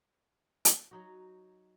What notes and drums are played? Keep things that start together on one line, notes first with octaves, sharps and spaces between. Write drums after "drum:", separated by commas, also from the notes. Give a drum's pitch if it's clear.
drum: hi-hat
F#3 D#4 F#4